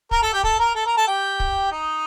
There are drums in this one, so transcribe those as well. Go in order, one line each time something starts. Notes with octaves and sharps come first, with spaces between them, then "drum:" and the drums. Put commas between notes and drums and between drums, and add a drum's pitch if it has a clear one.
A#4 A#5, drum: kick
A4 A5
G4 G5
A4 A5, drum: kick
A#4 A#5
A4 A5
A#4 A#5
A4 A5
G4 G5
drum: kick
D#4 D#5